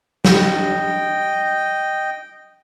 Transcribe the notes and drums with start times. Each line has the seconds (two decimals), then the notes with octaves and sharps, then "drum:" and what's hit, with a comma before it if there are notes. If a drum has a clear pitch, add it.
0.25 D#5 G5, drum: snare